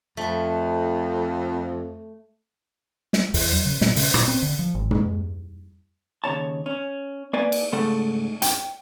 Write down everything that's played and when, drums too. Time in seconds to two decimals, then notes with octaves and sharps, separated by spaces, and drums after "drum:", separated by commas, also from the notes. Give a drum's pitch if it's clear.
0.17 F2 A3
3.13 drum: snare
3.34 E2, drum: open hi-hat
3.53 F#3
3.66 C#3
3.81 A#2, drum: snare
3.96 C#3, drum: open hi-hat
4.14 A#2, drum: rim click
4.28 C4
4.42 D3
4.59 F3
4.75 G#1
4.91 G#3, drum: tom
6.24 D#2 C#3 C#5 A5
6.66 C#4
7.33 A#3 B4 D5 G#5
7.52 drum: cymbal
7.72 G#2 C#3 A3 A4 F#5
8.42 G5, drum: hi-hat